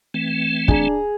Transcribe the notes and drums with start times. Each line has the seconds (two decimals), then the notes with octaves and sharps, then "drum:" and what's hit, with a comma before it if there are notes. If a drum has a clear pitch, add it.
0.14 E3 A3 C4
0.68 D4 G#4 A#5, drum: kick